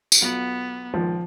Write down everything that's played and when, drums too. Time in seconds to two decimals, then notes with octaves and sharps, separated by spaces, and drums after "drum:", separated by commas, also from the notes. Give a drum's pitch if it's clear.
0.12 drum: tambourine
0.22 B1 B3 F4
0.94 C#2 A#2 D#3 F3